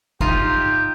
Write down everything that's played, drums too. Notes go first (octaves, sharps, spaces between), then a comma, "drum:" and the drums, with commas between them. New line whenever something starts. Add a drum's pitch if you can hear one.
D#4 F4 G4 E5, drum: kick